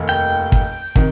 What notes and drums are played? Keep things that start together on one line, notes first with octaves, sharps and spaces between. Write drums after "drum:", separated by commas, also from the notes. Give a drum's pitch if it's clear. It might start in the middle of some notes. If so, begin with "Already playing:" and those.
Already playing: F1 D#2 D#3
G5
drum: kick
C3 D#3, drum: kick